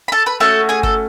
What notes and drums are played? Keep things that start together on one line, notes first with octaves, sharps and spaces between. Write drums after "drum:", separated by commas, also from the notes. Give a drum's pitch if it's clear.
B5
A4 A5
B4 B5
A3 C#4 F#4 A4 A5
G#4 G#5
A4, drum: kick G1